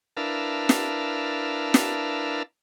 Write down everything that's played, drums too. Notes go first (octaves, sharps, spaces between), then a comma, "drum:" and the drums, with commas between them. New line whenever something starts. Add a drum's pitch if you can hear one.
D4 E4 A#4 B4 F5 A5
drum: snare
drum: snare